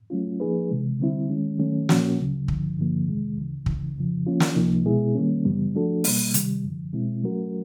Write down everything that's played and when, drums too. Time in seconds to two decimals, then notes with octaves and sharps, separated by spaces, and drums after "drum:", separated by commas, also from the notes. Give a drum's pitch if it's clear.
0.10 F#3 A3 C#4 F4
0.40 F3 A#3 D#4 G#4 B4
0.69 C3 E3 G#3
0.99 D3 G3 C4 E4
1.29 D#3 G#3 C#4
1.59 D#3 F#3 A3 C#4
1.89 A#2 F3 A#3 C#4 F#4, drum: snare
2.18 D2 C#3 F#3
2.48 G2 D3 F3, drum: kick
2.78 G2 D3 F3 A#3
3.07 F2 C3 D#3 G#3
3.37 D2 C#3 E3
3.66 D2 C#3 E3, drum: kick
3.96 F2 C#3 F3
4.27 F3 A#3 C#4 F4
4.40 drum: snare
4.56 C#2 C3 F3 A#3 D#4
4.85 B2 G#3 B3 E4 G#4
5.15 D#3 G3 A#3 C#4
5.45 F#2 C#3 E3 G3 B3
5.75 F3 A3 D4 F#4 A4
6.04 B2 G3 A#3, drum: open hi-hat
6.34 C3 D#3 G3, drum: hi-hat
6.64 F#2 D3 F3
6.93 B2 G#3 C4 E4
7.23 F#3 A3 C#4 F#4 A#4